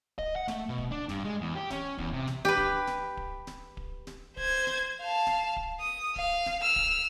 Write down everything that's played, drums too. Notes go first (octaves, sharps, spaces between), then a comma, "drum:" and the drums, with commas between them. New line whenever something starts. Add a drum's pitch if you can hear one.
D#5, drum: kick D1
F#5
A3, drum: snare D1
B2
drum: kick D1
D4
G2, drum: snare D1
G#3
E2
G4
C#4, drum: snare D1
E2, drum: kick D1
C3
drum: snare D1
G4 B4
drum: kick D1
drum: snare D1
drum: kick D1
drum: snare D1
drum: kick D1
drum: snare D1
C5 G#6, drum: kick D1
drum: snare D1
F5 A5
drum: snare D1
drum: kick D1
D#6
F5, drum: kick D1
drum: snare D1
E6 F6
drum: kick D1